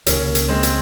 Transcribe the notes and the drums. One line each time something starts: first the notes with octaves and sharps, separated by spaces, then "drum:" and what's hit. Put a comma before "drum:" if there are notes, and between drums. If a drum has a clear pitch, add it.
C#2 C3 D#3 A#3 C#4, drum: hi-hat
drum: hi-hat
G#3 C4
drum: hi-hat